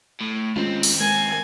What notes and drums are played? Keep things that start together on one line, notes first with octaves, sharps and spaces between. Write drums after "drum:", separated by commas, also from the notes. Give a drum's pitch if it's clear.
A2
D#2 G#3 C4 C#4 F4
drum: open hi-hat
G#3 A#4 G#5